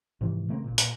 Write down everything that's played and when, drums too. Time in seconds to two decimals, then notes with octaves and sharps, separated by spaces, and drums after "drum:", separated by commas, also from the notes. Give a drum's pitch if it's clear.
0.21 G#2 C3 E3 F3
0.48 C#3 A3 A#3 C4
0.64 F#1 A#2
0.78 A#2, drum: hi-hat